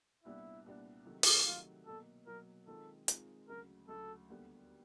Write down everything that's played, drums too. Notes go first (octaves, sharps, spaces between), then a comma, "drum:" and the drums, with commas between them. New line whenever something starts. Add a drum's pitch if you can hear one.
C2 A#2 G3 B3 D4 E4
C2 A#2 G3 B3 D4
C3 D#3 F#3 A3
drum: open hi-hat
C3 D#3 F#3 A3 F4
B2 F#3 A#3 A4
B2 F#3 A#3 A#4
D#3 G#3 C4 F4 A4
D#3 G#3 C4 F4, drum: hi-hat
D2 C#3 F#3 A#4
D2 C#3 F#3 A4
D#2 D3 G3 B3